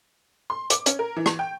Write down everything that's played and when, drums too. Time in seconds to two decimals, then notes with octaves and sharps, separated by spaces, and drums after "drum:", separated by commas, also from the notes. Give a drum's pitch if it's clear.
0.50 C6
0.70 D6, drum: hi-hat
0.86 C#4, drum: hi-hat
0.99 A#4
1.16 E3
1.26 drum: rim click
1.39 G5